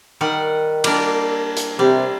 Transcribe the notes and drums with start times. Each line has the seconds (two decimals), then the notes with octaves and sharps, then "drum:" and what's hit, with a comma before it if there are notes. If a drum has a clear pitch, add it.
0.21 D#3 G3 F#5
0.84 G3 A#3 D4, drum: cymbal
1.57 drum: hi-hat
1.79 C3 G3